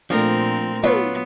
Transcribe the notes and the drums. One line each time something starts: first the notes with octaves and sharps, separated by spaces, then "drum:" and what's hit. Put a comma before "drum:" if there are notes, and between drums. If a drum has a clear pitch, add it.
A#2 F3 A3 C4 D4 A#4
F#3 B3 F4 B4, drum: tom